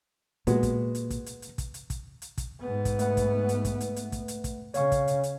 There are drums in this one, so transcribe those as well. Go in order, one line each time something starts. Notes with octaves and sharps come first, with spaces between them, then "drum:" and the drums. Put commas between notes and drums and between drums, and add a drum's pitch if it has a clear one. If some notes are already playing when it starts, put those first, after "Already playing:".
A#2 G#3 B3 F#4, drum: hi-hat
drum: kick, hi-hat
drum: hi-hat
drum: kick, hi-hat
drum: hi-hat
drum: hi-hat
drum: kick, hi-hat
drum: hi-hat
drum: kick, hi-hat
drum: hi-hat
drum: kick, hi-hat
G#2 B3
drum: kick, hi-hat
A3 B4 F#5, drum: hi-hat
drum: kick, hi-hat
drum: hi-hat
drum: kick, hi-hat
drum: hi-hat
drum: hi-hat
drum: kick, hi-hat
drum: hi-hat
drum: kick, hi-hat
C#3 C#5 F5 C#6, drum: hi-hat
drum: kick, hi-hat
drum: hi-hat
drum: hi-hat